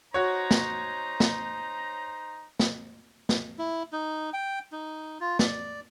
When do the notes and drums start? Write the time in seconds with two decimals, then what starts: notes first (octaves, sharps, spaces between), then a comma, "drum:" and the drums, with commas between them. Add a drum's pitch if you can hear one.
0.14 D#4 F#4 C5 C#5 A#5
0.51 drum: snare
1.20 drum: snare
2.59 drum: snare
3.29 drum: snare
3.59 E4
3.93 D#4
4.33 G5
4.72 D#4
5.21 F4
5.39 D5, drum: snare